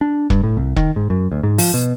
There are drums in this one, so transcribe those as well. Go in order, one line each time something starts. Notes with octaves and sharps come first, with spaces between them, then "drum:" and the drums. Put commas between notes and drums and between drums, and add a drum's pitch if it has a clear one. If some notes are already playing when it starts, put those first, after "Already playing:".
D4
G2, drum: kick E1
A2
C2
D#3, drum: kick E1
G#2
F#2
D2
G#2
F3, drum: open hi-hat
B2